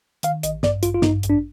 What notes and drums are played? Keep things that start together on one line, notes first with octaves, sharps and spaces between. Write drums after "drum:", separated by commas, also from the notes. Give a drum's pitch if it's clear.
D#3 F5, drum: hi-hat
A1 D#5, drum: hi-hat
G2 D5, drum: snare
A1 F4, drum: hi-hat
F4
G2 D#4, drum: snare
A1, drum: hi-hat
D4